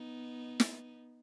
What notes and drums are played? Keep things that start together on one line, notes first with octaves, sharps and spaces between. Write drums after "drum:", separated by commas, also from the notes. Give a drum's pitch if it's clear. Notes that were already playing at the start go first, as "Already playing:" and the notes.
Already playing: B3 D#4
drum: snare